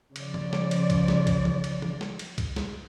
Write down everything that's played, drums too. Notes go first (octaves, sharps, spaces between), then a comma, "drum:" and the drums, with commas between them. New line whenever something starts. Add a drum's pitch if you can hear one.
C#3 F3 D5, drum: cymbal
drum: tom
drum: snare
drum: cymbal
drum: kick, cymbal
drum: snare
drum: kick, cymbal
drum: tom
drum: cymbal
drum: tom
drum: snare
drum: cymbal
drum: kick, cymbal
drum: snare